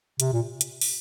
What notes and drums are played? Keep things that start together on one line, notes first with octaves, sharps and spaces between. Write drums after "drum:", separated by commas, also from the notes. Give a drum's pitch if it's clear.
C3, drum: hi-hat
A#2
drum: hi-hat
drum: open hi-hat